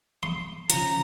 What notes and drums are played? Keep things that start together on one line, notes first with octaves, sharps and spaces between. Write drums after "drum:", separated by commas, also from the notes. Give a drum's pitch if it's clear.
C6
C#3 F3 A#5, drum: hi-hat